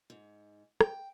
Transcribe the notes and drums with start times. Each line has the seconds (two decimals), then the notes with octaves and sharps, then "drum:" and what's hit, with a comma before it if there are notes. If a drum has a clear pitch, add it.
0.10 G#2
0.81 G5, drum: rim click